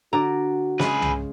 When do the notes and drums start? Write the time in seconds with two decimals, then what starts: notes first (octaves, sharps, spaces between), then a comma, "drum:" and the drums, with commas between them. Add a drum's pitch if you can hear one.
0.13 D3 F#4 D5 A#5
0.80 C#3 G#3 G#4 B4, drum: snare
1.02 drum: tom C2